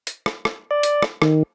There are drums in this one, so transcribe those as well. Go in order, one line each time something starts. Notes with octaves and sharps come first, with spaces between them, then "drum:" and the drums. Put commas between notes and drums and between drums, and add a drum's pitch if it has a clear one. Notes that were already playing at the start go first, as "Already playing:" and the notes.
drum: hi-hat
drum: rim click
drum: rim click
D5
drum: hi-hat
drum: rim click
D#3, drum: rim click